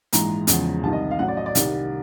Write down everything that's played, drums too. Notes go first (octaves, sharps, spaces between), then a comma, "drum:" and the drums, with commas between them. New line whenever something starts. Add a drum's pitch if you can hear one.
A#1 G#2 E3 G#3 A#5, drum: hi-hat
E2 C#3 F3 G#3, drum: hi-hat
C2 C3 D#3 G3 A5
D#5
F5
A1 A2 F#3 F#5
D5
D#5
D5
C2 C3 D#3 G3, drum: hi-hat